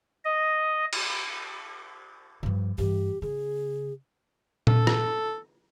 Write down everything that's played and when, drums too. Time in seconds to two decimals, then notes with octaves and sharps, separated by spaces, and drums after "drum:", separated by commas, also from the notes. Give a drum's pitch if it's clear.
0.25 D#5
0.93 drum: cymbal
2.43 G2 F3
2.78 G2 E3 G4
3.22 C#3 G#4
4.67 A4, drum: tom A#2
4.87 drum: rim click